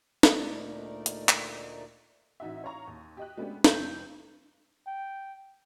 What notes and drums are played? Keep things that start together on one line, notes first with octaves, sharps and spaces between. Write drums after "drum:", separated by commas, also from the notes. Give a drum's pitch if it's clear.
drum: snare
D2 A#2 A3 D#4 A#4 D5
drum: hi-hat
drum: clap
A1 D#4 F#4 E5
C#5 F5 A#5 C#6
D#2
G4 D#5 F#6
G#3 A3 B3 C#4 D4 G4
F1 C4 G6, drum: snare
G5